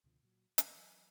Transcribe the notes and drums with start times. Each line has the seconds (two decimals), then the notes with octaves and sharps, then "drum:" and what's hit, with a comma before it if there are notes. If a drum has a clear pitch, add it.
0.04 C#2 B2 D3 F3
0.23 A#2 F#3
0.58 D#3 A#3 C4, drum: hi-hat
0.74 E3 F#3